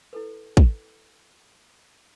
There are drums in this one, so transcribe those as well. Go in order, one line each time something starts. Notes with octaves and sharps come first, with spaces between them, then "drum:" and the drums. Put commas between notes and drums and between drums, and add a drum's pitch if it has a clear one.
E4 A4 B4
drum: kick